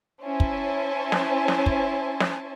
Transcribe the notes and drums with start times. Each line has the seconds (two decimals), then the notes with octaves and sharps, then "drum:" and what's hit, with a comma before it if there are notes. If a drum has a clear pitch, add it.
0.22 C#4 E4 C5 G#5 A5
0.40 drum: kick
1.12 drum: snare
1.48 drum: snare
1.66 drum: kick
2.20 drum: snare